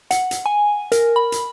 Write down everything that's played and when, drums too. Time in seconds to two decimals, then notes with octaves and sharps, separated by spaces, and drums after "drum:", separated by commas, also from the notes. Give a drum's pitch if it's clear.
0.11 F#5, drum: hi-hat
0.31 drum: hi-hat
0.46 G#5
0.92 A#4, drum: hi-hat
1.16 B5
1.32 drum: hi-hat